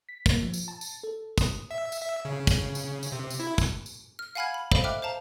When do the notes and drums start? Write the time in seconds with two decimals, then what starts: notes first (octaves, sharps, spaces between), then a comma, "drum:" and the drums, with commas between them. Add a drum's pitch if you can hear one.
0.09 B6
0.26 A#3, drum: kick, tambourine
0.43 F3
0.53 drum: tambourine
0.68 A5
0.81 drum: tambourine
1.03 A4
1.38 D#6, drum: kick, tambourine
1.71 E5
1.92 drum: tambourine
2.02 E5
2.25 C#3
2.47 drum: kick, tambourine
2.75 drum: tambourine
3.03 drum: tambourine
3.12 C3
3.30 drum: tambourine
3.40 E4
3.58 drum: kick, tambourine
3.86 drum: tambourine
4.19 F6
4.35 F5 F#5 G#5 B5 F6 G#6
4.54 B5
4.72 A4 C5 D#5 F5 B5, drum: kick
4.84 E5 G5 D6 F6 F#6
5.02 C5 F5 A5 A#5